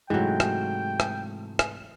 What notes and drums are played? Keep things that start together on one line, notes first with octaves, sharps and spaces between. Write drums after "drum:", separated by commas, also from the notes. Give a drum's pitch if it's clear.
G#2 C3 E3 F#3 G#3 A3 G5
drum: rim click
drum: rim click
drum: rim click